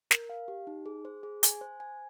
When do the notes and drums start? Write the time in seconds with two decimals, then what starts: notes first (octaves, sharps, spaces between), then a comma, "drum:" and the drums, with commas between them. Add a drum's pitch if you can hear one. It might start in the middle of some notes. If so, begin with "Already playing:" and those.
0.11 A#4, drum: snare
0.29 F5
0.48 G4
0.67 D#4
0.86 G#4
1.05 C5
1.23 G#4
1.43 G#5, drum: hi-hat
1.61 C5
1.80 G#5